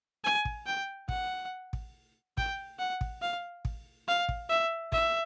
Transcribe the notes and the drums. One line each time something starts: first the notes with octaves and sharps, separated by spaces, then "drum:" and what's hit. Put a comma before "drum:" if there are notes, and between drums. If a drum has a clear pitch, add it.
G#5
drum: kick
G5
F#5, drum: kick
drum: kick
G5, drum: kick
F#5
drum: kick
F5
drum: kick
F5
drum: kick
E5
E5, drum: kick